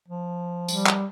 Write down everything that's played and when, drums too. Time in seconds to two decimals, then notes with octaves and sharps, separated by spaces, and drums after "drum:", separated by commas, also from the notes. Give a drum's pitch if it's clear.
0.08 F3
0.68 G3, drum: tambourine
0.87 drum: clap